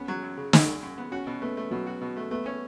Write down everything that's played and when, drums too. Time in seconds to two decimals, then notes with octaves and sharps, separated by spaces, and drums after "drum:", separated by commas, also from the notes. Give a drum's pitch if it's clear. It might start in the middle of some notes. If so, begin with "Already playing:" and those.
Already playing: B3 C#4
0.08 F#3
0.22 F#2
0.37 C#3
0.53 F#2, drum: snare
0.68 F#2
0.82 F#2
0.98 B3
1.11 C#4 F#4
1.27 B2
1.42 A3 B3
1.57 A3
1.71 B2 F#3
1.86 F#4
2.01 B2
2.17 A3
2.31 A3 B3
2.46 C#4